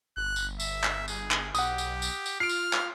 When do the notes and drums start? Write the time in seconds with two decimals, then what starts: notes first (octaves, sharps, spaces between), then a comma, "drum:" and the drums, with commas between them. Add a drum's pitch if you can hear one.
0.17 G1 F#6
0.36 drum: tambourine
0.60 E5, drum: tambourine
0.83 drum: clap
1.08 G#4, drum: tambourine
1.31 drum: clap
1.55 B1 G4 F#5 D#6, drum: tambourine
1.78 drum: tambourine
2.02 drum: tambourine
2.26 drum: tambourine
2.40 F4 F6 C7 D7
2.49 drum: tambourine
2.73 drum: clap